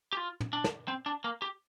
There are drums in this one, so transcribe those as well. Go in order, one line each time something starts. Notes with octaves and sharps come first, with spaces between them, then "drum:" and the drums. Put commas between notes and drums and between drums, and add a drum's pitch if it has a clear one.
G4
F4
drum: tom
D4
drum: snare
C4
D4
A#3
G4